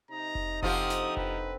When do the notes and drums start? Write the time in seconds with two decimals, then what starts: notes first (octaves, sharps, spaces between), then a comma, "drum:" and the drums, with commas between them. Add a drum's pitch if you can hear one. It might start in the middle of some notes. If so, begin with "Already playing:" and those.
0.11 C3 D#4 A#5
0.35 drum: kick F1
0.63 D3 F3 C4 F4 G4 D#6, drum: kick F1
0.90 drum: snare
1.17 B4, drum: kick F1